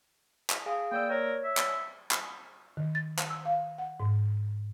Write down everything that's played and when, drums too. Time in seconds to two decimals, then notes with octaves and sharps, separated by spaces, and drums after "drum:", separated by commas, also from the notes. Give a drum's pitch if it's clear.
0.50 drum: clap
0.66 G#4 F5 G#5
0.91 A#3 D5 G5 E6
1.10 A#4 C#5
1.44 E5
1.57 drum: clap
2.11 drum: clap
2.77 D#3
2.95 A6
3.19 drum: clap
3.30 E6
3.45 F5
3.78 F#5
4.00 G#2